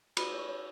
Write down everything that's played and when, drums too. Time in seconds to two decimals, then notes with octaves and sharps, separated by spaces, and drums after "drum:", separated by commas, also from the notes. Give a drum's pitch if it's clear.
0.17 F#4 B5, drum: cymbal
0.32 C#5
0.37 C#6
0.48 C#5